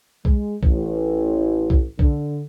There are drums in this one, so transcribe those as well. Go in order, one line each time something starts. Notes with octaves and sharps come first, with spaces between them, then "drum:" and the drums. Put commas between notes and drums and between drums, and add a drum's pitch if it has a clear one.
G#3, drum: kick B1
A1, drum: kick B1
drum: kick B1
D3, drum: kick B1